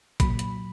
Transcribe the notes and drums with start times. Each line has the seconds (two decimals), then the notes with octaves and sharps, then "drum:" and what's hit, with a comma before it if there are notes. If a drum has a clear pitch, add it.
0.20 A#2 F#3 B5, drum: kick, hi-hat
0.39 drum: hi-hat